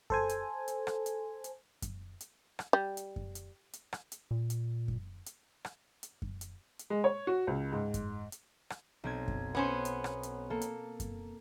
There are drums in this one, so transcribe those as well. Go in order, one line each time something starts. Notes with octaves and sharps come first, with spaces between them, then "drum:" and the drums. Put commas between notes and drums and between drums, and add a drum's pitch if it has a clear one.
A4 C5 G#5, drum: kick F#2
drum: hi-hat
drum: hi-hat
drum: rim click
drum: hi-hat
drum: hi-hat
drum: kick F#2, hi-hat
drum: hi-hat
drum: rim click
G3
drum: hi-hat
drum: kick F#2
drum: hi-hat
drum: hi-hat
drum: rim click
drum: hi-hat
A#2
drum: hi-hat
drum: kick F#2
drum: hi-hat
drum: rim click
drum: hi-hat
drum: kick F#2
drum: hi-hat
drum: hi-hat
G#3
C#5
F#4
C#2
G#2
drum: kick F#2, hi-hat
drum: hi-hat
drum: rim click
B1 C4 G#6
drum: kick F#2
B3 C#4 C5
drum: hi-hat
drum: rim click
drum: hi-hat
A#3 A4
drum: hi-hat
drum: kick F#2, hi-hat